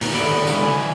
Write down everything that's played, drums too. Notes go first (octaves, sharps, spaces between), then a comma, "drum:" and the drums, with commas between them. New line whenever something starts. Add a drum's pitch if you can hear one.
A#2 D#3 B3, drum: open hi-hat
D3 D#3 B3 E4 G4 D5
C#3 G#3, drum: tambourine
D#3 F#3 G#5